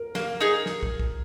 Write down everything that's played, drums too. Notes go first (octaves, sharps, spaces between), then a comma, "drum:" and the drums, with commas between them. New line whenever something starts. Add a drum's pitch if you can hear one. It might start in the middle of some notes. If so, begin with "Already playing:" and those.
Already playing: A#4
A#3, drum: snare
D#4 G#4
drum: snare
drum: kick
drum: kick